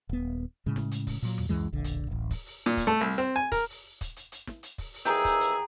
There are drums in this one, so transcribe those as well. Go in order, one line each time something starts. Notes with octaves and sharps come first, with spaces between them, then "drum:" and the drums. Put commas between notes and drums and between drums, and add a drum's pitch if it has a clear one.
D#1 B3
A2 C#3 G#3
drum: snare
drum: hi-hat
drum: kick, open hi-hat
A#2 F#3, drum: open hi-hat
drum: tom E2
C#2 F#2 E3 G#3
E1 A#1 D3
drum: hi-hat
D1 A1
drum: kick, open hi-hat
drum: open hi-hat
A#2
drum: kick, hi-hat
A3
C2
C4
G#5
A#4, drum: kick, open hi-hat
drum: open hi-hat
drum: kick, hi-hat
drum: hi-hat
drum: hi-hat
drum: snare
drum: hi-hat
drum: kick, open hi-hat
drum: open hi-hat
D#2 E3 G#4 G5 A#5 E6
drum: kick, hi-hat
drum: hi-hat